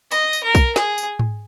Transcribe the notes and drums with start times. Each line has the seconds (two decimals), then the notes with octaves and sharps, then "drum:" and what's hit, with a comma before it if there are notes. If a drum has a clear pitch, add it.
0.11 D#5, drum: tambourine
0.33 drum: tambourine
0.44 A#4
0.55 drum: kick B1, tambourine
0.76 G#4, drum: snare
0.98 drum: tambourine
1.19 drum: tom G#2